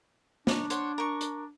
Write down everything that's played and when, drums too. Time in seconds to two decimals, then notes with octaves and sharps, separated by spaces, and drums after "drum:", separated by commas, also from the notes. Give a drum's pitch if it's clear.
0.47 D4 D#4 C#5, drum: snare
0.70 C5 C#5 F#5, drum: hi-hat
0.98 A#4 C#6
1.21 drum: hi-hat